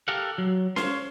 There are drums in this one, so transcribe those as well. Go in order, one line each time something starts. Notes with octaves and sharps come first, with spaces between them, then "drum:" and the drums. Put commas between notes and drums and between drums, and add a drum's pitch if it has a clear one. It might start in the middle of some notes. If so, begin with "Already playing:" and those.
G4 A4 A#4 F5 F#5
F#3
C5 C#5 F5 C6, drum: snare C#4